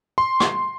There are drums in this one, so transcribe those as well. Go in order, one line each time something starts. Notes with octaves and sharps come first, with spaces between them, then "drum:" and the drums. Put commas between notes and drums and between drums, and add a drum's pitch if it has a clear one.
C6
drum: rim click